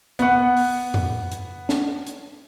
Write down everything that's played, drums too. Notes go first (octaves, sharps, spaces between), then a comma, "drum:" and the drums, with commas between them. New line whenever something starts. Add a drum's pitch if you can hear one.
B3 F#5, drum: hi-hat
drum: open hi-hat
drum: tom F2
drum: hi-hat
drum: snare
drum: hi-hat